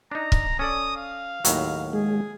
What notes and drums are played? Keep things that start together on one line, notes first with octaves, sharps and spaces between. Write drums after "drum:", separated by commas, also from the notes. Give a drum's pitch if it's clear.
D4 D#4 A#5
drum: kick
C#4 A4 D5 D#6
F5
D#2 A2 F#3, drum: hi-hat
G#3 G#4